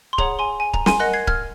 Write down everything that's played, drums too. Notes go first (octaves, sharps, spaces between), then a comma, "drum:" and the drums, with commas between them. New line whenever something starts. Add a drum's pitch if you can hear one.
C6
G#4 C#5 F#5 A#5, drum: kick C#1
G#5 C6
G#5
A#5, drum: kick C#1
G#5 C6, drum: snare
A#4 D#5 F#5 F#6 A#6
G#6 C7
F6 G#6, drum: kick C#1